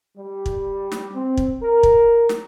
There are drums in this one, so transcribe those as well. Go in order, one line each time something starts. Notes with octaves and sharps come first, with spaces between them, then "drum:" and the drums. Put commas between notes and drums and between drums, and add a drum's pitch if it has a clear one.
G3
drum: kick
drum: snare
C4
drum: kick
A#4
drum: kick
drum: snare